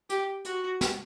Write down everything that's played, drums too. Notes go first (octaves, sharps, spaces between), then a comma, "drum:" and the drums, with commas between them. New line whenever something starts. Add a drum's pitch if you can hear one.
G4, drum: hi-hat
F#4, drum: hi-hat
drum: snare